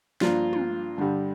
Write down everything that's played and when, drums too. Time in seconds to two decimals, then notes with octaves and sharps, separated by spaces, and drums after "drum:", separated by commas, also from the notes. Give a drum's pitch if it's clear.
0.21 G2 F3 A#3 D4 F4, drum: snare
0.53 drum: tom
0.98 G2 D3 G3